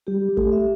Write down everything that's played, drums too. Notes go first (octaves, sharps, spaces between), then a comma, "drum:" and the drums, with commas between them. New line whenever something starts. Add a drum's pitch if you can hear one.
G3 G4
A3, drum: kick
E5